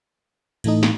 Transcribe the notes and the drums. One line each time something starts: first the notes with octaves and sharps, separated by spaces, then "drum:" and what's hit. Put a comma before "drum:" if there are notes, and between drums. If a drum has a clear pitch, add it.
A2 E3 A3 D#4, drum: cymbal
drum: snare